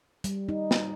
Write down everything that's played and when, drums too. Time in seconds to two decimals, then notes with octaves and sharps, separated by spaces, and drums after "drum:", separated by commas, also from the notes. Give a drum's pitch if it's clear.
0.24 G3, drum: hi-hat
0.49 D#4
0.71 drum: snare